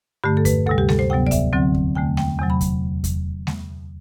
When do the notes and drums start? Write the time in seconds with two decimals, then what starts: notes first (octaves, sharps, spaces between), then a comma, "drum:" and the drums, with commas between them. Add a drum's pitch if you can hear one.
0.24 G2 D3 A3 G4
0.37 A4
0.45 B4, drum: kick E2, hi-hat
0.66 D2 C3 G3 A4
0.78 G4
0.89 A4, drum: snare G#3
0.99 C5
1.10 D2 C3 F#3 B3 G5
1.27 D5
1.31 E5, drum: kick E2, hi-hat
1.52 D2 D3 F#3 C4
1.74 drum: kick E2
1.95 E2 D3 A3 G5
2.17 G5, drum: snare G#3
2.38 E2 C3 F#3
2.50 B5
2.61 drum: kick E2, hi-hat
3.04 drum: kick E2, hi-hat
3.47 drum: snare G#3